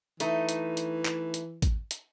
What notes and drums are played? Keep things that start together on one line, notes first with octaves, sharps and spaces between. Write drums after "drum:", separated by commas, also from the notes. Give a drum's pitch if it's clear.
E3 A3 D#4, drum: hi-hat
drum: hi-hat
drum: hi-hat
drum: clap
drum: hi-hat
drum: kick, hi-hat
drum: hi-hat